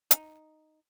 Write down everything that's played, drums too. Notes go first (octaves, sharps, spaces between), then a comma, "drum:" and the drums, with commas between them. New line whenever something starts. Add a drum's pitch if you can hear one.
D#4, drum: hi-hat